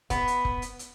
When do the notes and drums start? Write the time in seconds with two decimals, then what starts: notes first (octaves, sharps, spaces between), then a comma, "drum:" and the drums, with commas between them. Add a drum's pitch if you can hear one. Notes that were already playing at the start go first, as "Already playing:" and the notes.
0.10 B3, drum: kick F1, hi-hat
0.28 drum: hi-hat
0.45 drum: kick F1
0.62 drum: hi-hat
0.79 drum: hi-hat